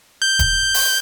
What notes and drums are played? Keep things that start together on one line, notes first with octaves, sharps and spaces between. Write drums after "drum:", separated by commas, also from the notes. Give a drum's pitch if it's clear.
G6
drum: kick E1, hi-hat
drum: open hi-hat